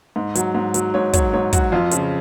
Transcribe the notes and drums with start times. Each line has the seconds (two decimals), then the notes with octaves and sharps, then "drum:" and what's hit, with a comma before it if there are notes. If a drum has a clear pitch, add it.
0.16 G#2
0.35 F#3, drum: hi-hat
0.55 G#2
0.74 F#3, drum: hi-hat
0.94 G#2 C#5
1.13 F#3 C#5, drum: kick, hi-hat
1.33 G#2 C#5
1.53 F#3 F#4, drum: kick, hi-hat
1.72 F2 F4
1.91 C#3 F3, drum: hi-hat